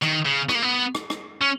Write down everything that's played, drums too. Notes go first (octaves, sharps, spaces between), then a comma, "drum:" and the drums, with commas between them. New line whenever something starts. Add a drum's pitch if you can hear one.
D#3, drum: rim click
C#3
B3, drum: rim click
A#3
B3
drum: rim click
drum: rim click
C#4